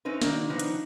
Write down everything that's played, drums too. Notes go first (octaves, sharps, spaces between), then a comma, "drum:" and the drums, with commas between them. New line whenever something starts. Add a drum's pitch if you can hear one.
C4 C#4 D#4 B4
D#3 A#3 D4 F#4, drum: snare
D#3 F3 B3 C4 D4 D#4
drum: hi-hat